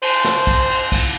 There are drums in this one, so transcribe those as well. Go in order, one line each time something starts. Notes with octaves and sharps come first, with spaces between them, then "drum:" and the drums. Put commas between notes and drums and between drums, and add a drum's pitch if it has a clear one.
C5, drum: cymbal
drum: snare
drum: kick, cymbal
drum: cymbal
drum: kick, cymbal